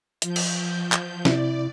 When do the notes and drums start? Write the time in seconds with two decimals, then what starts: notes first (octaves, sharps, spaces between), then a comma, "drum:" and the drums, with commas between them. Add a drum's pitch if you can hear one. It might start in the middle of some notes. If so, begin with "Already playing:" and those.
0.22 F3 G6, drum: hi-hat
0.36 drum: cymbal
0.92 drum: clap
1.25 C3 E4 D5, drum: snare